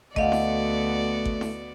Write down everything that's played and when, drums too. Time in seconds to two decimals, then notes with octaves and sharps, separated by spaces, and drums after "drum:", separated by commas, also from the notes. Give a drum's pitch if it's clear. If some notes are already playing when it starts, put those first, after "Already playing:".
0.16 D2 A3 B3 F#4 D5 D#5 F5 F#5, drum: kick
0.32 drum: snare E4
1.25 drum: kick
1.41 drum: snare E4